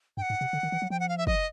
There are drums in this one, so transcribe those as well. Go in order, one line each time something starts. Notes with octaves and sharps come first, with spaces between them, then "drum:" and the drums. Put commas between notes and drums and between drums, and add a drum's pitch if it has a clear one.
G2 G5
F#5
G#2
C3
D3
D#3
E3
F#3
F3 G5
F#5
F5
E5
D#5, drum: kick